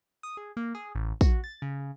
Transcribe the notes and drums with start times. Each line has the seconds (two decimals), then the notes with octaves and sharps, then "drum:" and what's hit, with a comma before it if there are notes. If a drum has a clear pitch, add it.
0.23 D#6
0.37 G#4
0.57 A#3
0.75 G#4
0.95 A1
1.21 F#4, drum: kick, tambourine
1.44 A6
1.62 C#3